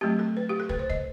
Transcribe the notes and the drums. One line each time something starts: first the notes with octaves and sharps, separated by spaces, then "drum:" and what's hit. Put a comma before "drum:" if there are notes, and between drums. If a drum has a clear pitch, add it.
F#3 A3 C4 G4
A4
B4
G4
A4
B4, drum: kick
C5
D#5, drum: kick